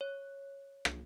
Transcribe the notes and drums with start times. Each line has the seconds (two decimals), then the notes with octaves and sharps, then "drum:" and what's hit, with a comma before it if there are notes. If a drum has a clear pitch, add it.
0.01 C#5
0.85 drum: rim click